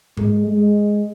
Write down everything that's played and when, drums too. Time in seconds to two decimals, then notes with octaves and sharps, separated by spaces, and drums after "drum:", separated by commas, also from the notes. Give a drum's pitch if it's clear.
0.17 G#3, drum: tom G#2
0.48 G#3